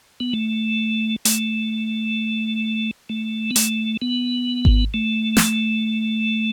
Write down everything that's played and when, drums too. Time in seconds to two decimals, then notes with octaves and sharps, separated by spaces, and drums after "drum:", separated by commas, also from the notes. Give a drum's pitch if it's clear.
0.20 B3
0.33 A3
1.25 A3, drum: hi-hat
3.09 A3
3.51 B3
3.56 A3, drum: hi-hat
4.02 B3
4.65 drum: kick G#1
4.94 A3
5.37 drum: snare